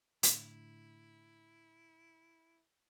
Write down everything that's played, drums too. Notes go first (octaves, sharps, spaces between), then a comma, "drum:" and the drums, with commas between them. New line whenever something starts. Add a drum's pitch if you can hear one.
A2 D3 E4, drum: hi-hat